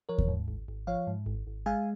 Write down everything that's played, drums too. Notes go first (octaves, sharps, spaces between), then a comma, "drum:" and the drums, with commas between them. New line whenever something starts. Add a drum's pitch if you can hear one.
F3 A#4 C#5
drum: kick D#2
G#2
G#1
G#1
F3 C#5 F5
G#2
G#1
G#1
G#3 F5 G#5